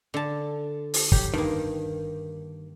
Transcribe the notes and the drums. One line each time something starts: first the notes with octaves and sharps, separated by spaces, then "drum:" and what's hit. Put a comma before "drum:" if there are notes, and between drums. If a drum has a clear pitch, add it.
D3 A5
drum: open hi-hat
F#3 G4, drum: kick
G2 D#3 A#3